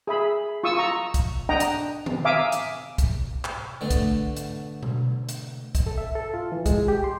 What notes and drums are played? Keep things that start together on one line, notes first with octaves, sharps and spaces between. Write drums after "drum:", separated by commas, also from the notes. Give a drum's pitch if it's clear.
G#4 E5 B5
F4 C#6 D#6 E6
F4 A#5 C#6
drum: kick, hi-hat
D4 D#5 F#5 G5 A#5
drum: hi-hat
drum: tom D#3
E5 F5 G#5 A#5 D6 D#6
drum: hi-hat
drum: kick, hi-hat
drum: clap
D3 A3 B3
drum: kick, hi-hat
drum: hi-hat
drum: tom B2
drum: hi-hat
drum: kick, hi-hat
A4
E5
A4
F4
E3
G#3, drum: kick, hi-hat
G4
C6